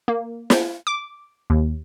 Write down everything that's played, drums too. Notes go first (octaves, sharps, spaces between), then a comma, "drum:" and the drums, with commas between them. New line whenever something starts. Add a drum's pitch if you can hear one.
A#3
drum: snare
D6
D#2